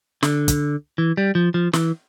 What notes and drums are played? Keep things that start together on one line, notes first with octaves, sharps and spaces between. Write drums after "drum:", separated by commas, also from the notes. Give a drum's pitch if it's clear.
D3, drum: snare
drum: kick, hi-hat
E3
G3
F3
F3
E3, drum: snare